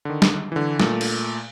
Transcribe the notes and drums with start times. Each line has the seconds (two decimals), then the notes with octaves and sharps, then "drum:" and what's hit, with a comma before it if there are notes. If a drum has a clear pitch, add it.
0.05 D3 D#3
0.22 drum: snare
0.52 D3 E3
0.80 A#2 A3, drum: snare
1.01 drum: cymbal